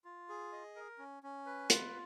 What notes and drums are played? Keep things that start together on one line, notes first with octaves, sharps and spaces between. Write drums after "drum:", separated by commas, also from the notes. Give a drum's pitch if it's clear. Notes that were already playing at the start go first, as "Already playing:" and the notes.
F4
G#4
D#5
A#4
C#4
C#4
B4
F4, drum: hi-hat